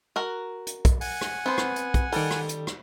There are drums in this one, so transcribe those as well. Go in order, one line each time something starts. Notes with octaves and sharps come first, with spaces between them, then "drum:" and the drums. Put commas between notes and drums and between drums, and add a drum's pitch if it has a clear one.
F#4 A#4
drum: hi-hat
drum: kick, hi-hat
F#5 G#5, drum: open hi-hat
drum: rim click
B3 C4 C5
drum: rim click
drum: hi-hat
drum: kick, hi-hat
D#3 G3 A4 D5, drum: open hi-hat
drum: rim click
drum: hi-hat
drum: rim click